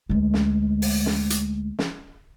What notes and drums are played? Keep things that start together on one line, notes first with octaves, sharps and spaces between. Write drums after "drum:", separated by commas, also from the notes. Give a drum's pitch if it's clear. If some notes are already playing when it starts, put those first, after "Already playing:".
D2 G#3
drum: snare
drum: open hi-hat
drum: snare
drum: hi-hat
drum: snare